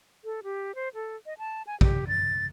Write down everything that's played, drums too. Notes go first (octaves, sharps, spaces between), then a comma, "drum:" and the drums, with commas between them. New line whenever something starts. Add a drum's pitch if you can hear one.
A4
G4
C5
A4
D#5
A5
G#5
G4, drum: kick
A6